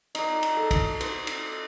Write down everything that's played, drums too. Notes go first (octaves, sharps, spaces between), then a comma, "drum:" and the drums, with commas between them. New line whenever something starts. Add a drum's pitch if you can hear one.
D#4 D5, drum: cymbal
drum: cymbal
A4
drum: kick, cymbal
C5, drum: cymbal
drum: cymbal